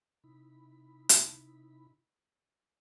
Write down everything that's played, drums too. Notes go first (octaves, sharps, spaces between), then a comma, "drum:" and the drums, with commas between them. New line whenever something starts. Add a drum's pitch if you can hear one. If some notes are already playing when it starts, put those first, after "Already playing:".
C3 D#4 E4 B5
drum: hi-hat